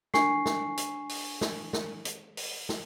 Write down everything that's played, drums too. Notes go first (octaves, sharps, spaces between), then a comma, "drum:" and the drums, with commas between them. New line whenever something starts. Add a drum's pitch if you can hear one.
D4 G#5 C#6 C7, drum: snare
drum: snare
drum: hi-hat
drum: open hi-hat
drum: snare
drum: snare
drum: hi-hat
drum: open hi-hat
drum: snare